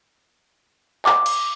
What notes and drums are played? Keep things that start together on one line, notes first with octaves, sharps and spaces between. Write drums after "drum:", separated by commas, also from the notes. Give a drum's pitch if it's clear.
D6, drum: clap
drum: cymbal